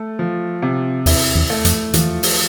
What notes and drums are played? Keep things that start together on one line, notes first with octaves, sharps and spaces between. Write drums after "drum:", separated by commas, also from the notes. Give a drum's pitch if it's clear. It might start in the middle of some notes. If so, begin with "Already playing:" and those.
Already playing: A3
F3
C3
E2 E4, drum: open hi-hat
E2
A3
F2, drum: hi-hat
E2 F3, drum: hi-hat
drum: open hi-hat